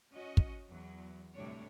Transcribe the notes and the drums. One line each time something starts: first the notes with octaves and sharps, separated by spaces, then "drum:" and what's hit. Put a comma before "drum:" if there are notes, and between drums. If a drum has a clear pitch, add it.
C#4 F#4 D#5
drum: kick
E2 F#3
D2 A2 C3 G3 D4 C#5